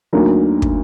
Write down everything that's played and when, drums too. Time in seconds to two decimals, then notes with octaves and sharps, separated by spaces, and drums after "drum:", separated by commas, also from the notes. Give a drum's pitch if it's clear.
0.13 D2 D3 F#3 A#3 D#4
0.62 drum: kick